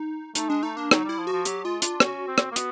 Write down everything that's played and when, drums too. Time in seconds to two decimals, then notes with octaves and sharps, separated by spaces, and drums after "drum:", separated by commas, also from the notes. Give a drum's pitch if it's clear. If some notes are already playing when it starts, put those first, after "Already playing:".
Already playing: D#4
0.35 A3 D#4, drum: hi-hat
0.49 G#3 D4
0.63 A3 D#4
0.76 A#3 D4
0.91 F#3 D#4, drum: rim click
1.04 G3 E4
1.18 F3
1.27 F#4
1.32 F3
1.45 F#3 G4, drum: hi-hat
1.64 G#3 F4
1.82 D4 F4, drum: hi-hat
2.00 C#4 F#4, drum: rim click
2.28 C4
2.38 drum: rim click
2.52 A#3
2.56 B3, drum: hi-hat